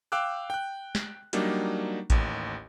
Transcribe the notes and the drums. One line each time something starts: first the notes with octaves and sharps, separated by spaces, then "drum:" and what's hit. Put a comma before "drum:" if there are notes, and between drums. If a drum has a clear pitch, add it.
F5 G5 D6 E6 F#6
G5 F#6
drum: snare
F#3 G3 A#3 D4 D#4, drum: hi-hat
A1 D#2, drum: kick A1, hi-hat